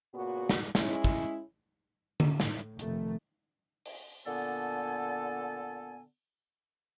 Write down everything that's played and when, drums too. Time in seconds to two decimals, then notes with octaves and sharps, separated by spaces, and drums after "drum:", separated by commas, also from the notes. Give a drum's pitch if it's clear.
0.14 A#2 C#3 B3 F#4
0.49 drum: snare
0.75 G#3 C#4 E4, drum: snare
1.04 drum: kick
2.20 drum: tom D3
2.40 A2, drum: snare
2.79 F1 D#3 A3, drum: hi-hat
3.86 drum: open hi-hat
4.26 A#2 D3 B3 A4 G#5